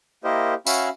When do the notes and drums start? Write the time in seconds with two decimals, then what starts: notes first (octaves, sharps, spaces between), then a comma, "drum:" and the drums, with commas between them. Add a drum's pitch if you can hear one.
0.24 A#3 E4 G4 A#4 C5 D#5
0.66 C#4 F#4 E5 F5 B5, drum: tambourine